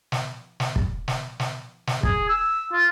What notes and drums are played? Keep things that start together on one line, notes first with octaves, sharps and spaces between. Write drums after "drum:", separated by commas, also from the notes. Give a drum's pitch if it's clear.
drum: snare
drum: snare
drum: kick
drum: snare
drum: snare
drum: snare
G#4, drum: kick
E6
F4